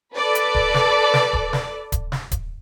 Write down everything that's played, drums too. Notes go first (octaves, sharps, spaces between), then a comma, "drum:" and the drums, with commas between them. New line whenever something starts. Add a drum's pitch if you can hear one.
A4 B4 D5
drum: hi-hat
drum: kick D1
drum: snare
drum: snare
drum: kick D1
drum: snare
drum: kick D1, hi-hat
drum: snare
drum: kick D1, hi-hat